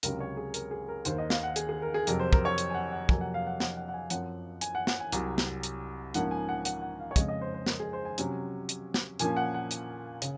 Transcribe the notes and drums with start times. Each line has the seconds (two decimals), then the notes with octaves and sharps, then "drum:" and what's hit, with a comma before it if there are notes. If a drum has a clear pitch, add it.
0.03 C#2 C3 F#3 C#4 A#4, drum: hi-hat
0.20 C#5
0.37 G#4
0.54 A#4, drum: hi-hat
0.71 G#4
0.88 A#4
1.05 D#2 D#3 A#3 C5, drum: hi-hat
1.18 D#5
1.30 F5, drum: snare
1.43 F#5
1.56 G#4, drum: hi-hat
1.69 G#4
1.82 A#4
1.94 G#4
2.07 F2 C3 F#3 A#4, drum: hi-hat
2.20 C5
2.33 A#4, drum: kick
2.45 C#5
2.58 drum: hi-hat
2.70 G#5
2.74 F#5
2.92 F#5
3.09 F2 C3 F#3 A#3 G#5, drum: kick
3.21 F#5
3.34 F5
3.47 F#5
3.60 F#5, drum: snare
3.77 F#5
3.88 F#5
3.94 G#5
4.10 F#2 F3 C4 F#5, drum: hi-hat
4.61 G#5, drum: hi-hat
4.75 F#5
4.87 F#5, drum: snare
5.00 G#5
5.12 C2 C3 F#3, drum: hi-hat
5.38 drum: snare
5.63 drum: hi-hat
6.14 G#2 F3 A#3 C#4 F#5, drum: hi-hat
6.31 G#5
6.49 F#5
6.65 F#5, drum: hi-hat
6.82 F#5
7.00 F5
7.11 C#5
7.16 F2 C#3 G#3 C4 D#5, drum: kick, hi-hat
7.28 D#5
7.41 C5
7.54 C5
7.66 A#4, drum: snare
7.80 G#4
7.93 C5
8.05 G#5
8.18 C3 F#3 C#4, drum: hi-hat
8.69 drum: hi-hat
8.94 drum: snare
9.19 A#2 F3 A#3 C#4 G#5, drum: hi-hat
9.36 F#5
9.54 F#5
9.71 drum: hi-hat
10.22 C#3, drum: hi-hat